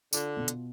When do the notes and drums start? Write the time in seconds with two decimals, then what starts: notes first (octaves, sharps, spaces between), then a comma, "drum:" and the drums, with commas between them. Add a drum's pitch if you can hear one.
0.13 D3 F4, drum: tambourine
0.37 B2
0.48 drum: hi-hat